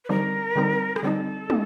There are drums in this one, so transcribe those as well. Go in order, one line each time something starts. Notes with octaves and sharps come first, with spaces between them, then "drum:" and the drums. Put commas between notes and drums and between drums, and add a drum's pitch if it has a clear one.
B4
D3 G3 C4 D#4 A#4
D3 G3 C4 D#4
G#4, drum: rim click
D3 G3 C4 D#4 A4
D#4, drum: tom